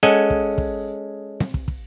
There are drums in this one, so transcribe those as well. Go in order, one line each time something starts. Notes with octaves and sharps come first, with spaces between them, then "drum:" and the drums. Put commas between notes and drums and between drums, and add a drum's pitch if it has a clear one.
G#3 C#4 A4 D#5 F#5 G#5
drum: kick
drum: kick
drum: snare C4
drum: kick
drum: kick